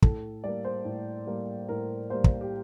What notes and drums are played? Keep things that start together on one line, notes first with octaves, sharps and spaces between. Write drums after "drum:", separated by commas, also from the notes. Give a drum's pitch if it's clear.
A2 A4, drum: kick
G3 A#3 D5
C5
A2
G3 A#3
A2 A#4
G3 A#3 C5
drum: kick
G4